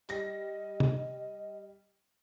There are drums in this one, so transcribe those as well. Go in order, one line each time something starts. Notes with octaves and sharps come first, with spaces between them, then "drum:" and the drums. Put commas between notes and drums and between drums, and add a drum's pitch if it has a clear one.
G3 D#5 A#6, drum: hi-hat
drum: tom C3